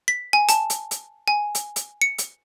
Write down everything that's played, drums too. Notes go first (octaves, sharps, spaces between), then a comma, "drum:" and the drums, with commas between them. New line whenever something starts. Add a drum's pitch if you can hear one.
B6
G#5
A5, drum: hi-hat
drum: hi-hat
drum: hi-hat
G#5
drum: hi-hat
drum: hi-hat
C#7
drum: hi-hat